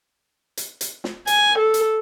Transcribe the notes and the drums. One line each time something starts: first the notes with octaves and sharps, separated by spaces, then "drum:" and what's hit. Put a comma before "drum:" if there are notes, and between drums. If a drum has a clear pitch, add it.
drum: hi-hat
drum: hi-hat
drum: snare
G#5, drum: hi-hat
A4
drum: hi-hat